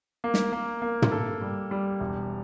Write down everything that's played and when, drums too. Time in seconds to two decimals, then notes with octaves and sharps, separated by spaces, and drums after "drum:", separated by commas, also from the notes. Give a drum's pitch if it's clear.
0.24 A#3
0.34 drum: snare
0.52 A#3
0.82 A#3
1.02 drum: tom
1.12 A4
1.42 G3
1.71 G3
2.00 E1